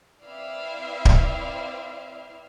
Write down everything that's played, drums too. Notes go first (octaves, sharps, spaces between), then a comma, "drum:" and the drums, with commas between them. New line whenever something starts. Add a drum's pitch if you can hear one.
C4 E4 B4 D5 E5 F5
drum: kick D1